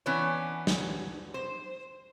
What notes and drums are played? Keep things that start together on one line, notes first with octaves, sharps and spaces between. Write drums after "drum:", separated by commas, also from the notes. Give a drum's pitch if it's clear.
E3 B3 C#4 D4 C#5
drum: snare
C5